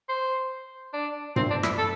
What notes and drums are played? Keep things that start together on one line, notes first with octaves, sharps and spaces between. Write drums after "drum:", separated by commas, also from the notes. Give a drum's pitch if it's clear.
C5
D4
C4, drum: tom G2
D4
E4, drum: rim click
A4